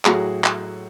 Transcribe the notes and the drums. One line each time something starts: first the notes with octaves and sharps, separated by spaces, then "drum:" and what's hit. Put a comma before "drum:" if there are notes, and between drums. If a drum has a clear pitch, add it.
A2 F#3 A3 F#4 G#4, drum: clap
drum: clap